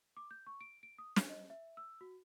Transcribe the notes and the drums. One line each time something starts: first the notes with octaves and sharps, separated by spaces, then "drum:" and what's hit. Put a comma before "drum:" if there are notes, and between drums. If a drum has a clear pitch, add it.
D6
G6
C#6
D7
D7
D#6
D4, drum: snare
D#5
E5
E6
F#4